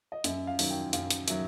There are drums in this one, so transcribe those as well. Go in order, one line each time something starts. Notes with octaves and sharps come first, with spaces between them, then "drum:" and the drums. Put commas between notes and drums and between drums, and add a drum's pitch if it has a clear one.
D#5
F#2 E5, drum: hi-hat
F5
D#3 F#3, drum: open hi-hat
G5
F#2 F5, drum: hi-hat
drum: hi-hat
D#3 F#3 E5, drum: hi-hat